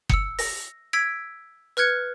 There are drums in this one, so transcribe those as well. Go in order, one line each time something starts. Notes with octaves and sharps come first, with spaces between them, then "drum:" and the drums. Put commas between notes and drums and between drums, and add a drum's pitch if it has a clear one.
E6 C#7, drum: kick F#1
A#6, drum: open hi-hat
E6 G#6 B6 D7
B4 F6 F#6 G#6 C#7